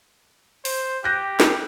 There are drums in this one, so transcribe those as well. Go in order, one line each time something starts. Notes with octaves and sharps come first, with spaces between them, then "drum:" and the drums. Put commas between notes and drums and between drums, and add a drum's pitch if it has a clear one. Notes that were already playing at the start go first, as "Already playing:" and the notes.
C5, drum: open hi-hat
G4 F#6 G6 A#6
drum: snare